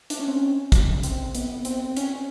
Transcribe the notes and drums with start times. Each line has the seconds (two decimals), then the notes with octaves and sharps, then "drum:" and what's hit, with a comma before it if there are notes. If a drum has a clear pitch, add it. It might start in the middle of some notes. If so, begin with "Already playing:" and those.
0.10 D4, drum: hi-hat
0.19 C#4
0.27 C4
0.36 C#4
0.72 drum: kick, hi-hat
1.03 C4, drum: hi-hat
1.35 B3, drum: hi-hat
1.65 C4, drum: hi-hat
1.97 C#4, drum: hi-hat